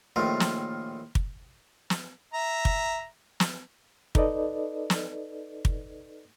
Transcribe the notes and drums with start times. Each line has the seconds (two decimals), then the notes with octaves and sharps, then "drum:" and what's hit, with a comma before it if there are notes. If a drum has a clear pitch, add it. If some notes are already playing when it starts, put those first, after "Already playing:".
0.16 A#1 A2 D#3 A3 F4 A#4
0.40 drum: snare
1.15 drum: kick
1.90 drum: snare
2.34 E5 A#5
2.65 drum: kick
3.40 drum: snare
4.15 D#4 A4 B4 D5 D#5, drum: kick
4.90 drum: snare
5.65 drum: kick